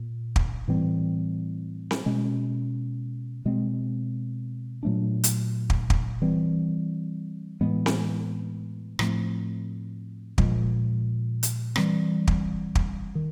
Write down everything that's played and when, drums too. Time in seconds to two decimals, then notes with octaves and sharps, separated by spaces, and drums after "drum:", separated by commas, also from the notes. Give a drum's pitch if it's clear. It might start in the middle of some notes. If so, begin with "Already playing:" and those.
Already playing: A#2
0.36 drum: kick
0.68 A2 E3 G3 C4
1.91 drum: snare C4
2.06 B2 G#3 C#4
3.45 B2 G#3 C4
4.83 A#2 F#3 A3 D4
5.24 drum: hi-hat
5.70 drum: kick
5.90 drum: kick
6.22 E3 G3 C4
7.61 A2 E3 G#3 B3
7.86 drum: snare C4
8.99 A2 F3 A3 C4, drum: rim click
10.38 A#2 F3 G#3, drum: kick
11.43 drum: hi-hat
11.76 E3 G3 C4, drum: rim click
12.27 drum: kick
12.75 drum: kick
13.15 D#3